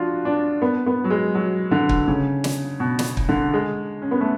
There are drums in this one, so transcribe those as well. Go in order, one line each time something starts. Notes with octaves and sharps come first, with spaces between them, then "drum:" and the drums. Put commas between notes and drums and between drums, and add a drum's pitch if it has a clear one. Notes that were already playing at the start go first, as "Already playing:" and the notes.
Already playing: F3 D4 F4 F#4
D4
B3
B3
F#3
G#3
F#3
D3
drum: kick
C#3
drum: snare
B2
drum: snare
drum: kick
D3
G#3
C#4
B3
A3